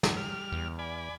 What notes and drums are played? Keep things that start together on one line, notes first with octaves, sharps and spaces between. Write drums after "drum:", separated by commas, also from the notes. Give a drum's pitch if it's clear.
drum: snare
G3 F6
E2
D5 G#5 B5